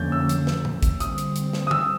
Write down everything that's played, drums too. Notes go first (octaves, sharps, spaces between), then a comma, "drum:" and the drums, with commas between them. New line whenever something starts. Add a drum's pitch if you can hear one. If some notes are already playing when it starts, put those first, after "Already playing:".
Already playing: F2 D3 F3 A#3 C#4 G6 A6
E6
drum: hi-hat
drum: snare
drum: tom A#2
drum: kick, hi-hat
D3 G3 C4 D#6, drum: hi-hat
drum: hi-hat
drum: hi-hat
drum: snare
D#6
E6, drum: tom D#3